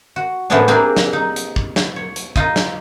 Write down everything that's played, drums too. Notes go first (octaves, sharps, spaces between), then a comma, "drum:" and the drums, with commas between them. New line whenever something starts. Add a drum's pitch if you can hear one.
F#4
A2 E3 F3 B3 C#4 D4
A#3 C4 D4 G4 G#4 A#4
drum: snare
D#4
drum: hi-hat
drum: kick
drum: snare
C#5
drum: hi-hat
D#4 F4 D#5, drum: kick
drum: snare